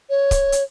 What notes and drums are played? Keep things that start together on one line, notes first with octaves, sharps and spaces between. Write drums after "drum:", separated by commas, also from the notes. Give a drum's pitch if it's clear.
C#5
drum: kick C#1, hi-hat
drum: hi-hat